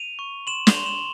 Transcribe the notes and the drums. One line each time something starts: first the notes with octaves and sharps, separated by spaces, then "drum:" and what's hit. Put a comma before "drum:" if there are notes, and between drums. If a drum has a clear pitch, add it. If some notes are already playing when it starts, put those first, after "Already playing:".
Already playing: D#7 F7
C#6
C6 E7 F#7
F7 G7, drum: snare
C6
E7 F#7